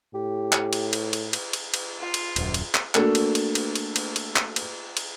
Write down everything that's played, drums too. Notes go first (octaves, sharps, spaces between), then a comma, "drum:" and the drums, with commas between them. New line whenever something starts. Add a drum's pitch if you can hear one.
A2 G4
drum: clap
drum: cymbal
drum: cymbal
drum: cymbal
drum: cymbal
drum: cymbal
drum: cymbal
F4
drum: cymbal
D#1 F#2, drum: cymbal
drum: cymbal
drum: clap
A3 A#3 D4 F#4 A4, drum: clap
drum: cymbal
drum: cymbal
drum: cymbal
drum: cymbal
drum: cymbal
drum: cymbal
drum: clap
drum: cymbal
drum: cymbal